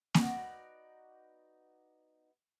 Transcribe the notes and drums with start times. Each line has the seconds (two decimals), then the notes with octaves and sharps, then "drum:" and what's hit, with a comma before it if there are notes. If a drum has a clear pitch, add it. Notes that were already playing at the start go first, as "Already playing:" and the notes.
0.14 B3 D#4 F#4 D5, drum: snare A#3